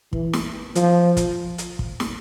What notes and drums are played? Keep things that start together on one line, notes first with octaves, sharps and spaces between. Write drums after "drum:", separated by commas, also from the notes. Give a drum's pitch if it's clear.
E3, drum: kick
drum: snare
F3, drum: hi-hat
drum: kick, hi-hat
drum: hi-hat
drum: kick
drum: snare